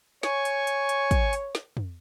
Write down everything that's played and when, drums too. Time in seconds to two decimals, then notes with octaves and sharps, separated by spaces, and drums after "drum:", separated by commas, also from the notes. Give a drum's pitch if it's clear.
0.23 C#5 G#5 C#6, drum: snare
0.45 drum: hi-hat
0.67 drum: hi-hat
0.89 drum: hi-hat
1.11 drum: kick, hi-hat
1.33 drum: hi-hat
1.55 drum: snare
1.77 drum: tom